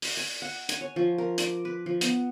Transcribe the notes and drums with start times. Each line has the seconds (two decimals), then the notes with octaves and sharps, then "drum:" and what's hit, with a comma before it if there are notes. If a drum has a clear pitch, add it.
0.02 B4, drum: open hi-hat
0.17 G#5
0.42 F#5
0.69 G#5, drum: hi-hat
0.81 C#5
0.96 F3
1.18 A#4
1.38 D6, drum: hi-hat
1.65 B4
1.86 F3
2.01 B3, drum: hi-hat